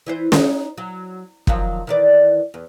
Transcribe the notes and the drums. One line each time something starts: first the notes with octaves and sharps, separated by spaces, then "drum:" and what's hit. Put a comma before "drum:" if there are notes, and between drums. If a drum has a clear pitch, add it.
E3 E4 C5
D#4, drum: snare
F#3
D#3 F3 F#3, drum: kick
D#3 E3 D5
E2